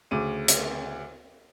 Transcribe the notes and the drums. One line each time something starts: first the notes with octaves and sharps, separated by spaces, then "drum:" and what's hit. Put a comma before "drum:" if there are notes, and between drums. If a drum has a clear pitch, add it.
D2 C#3 D6 D#7
drum: hi-hat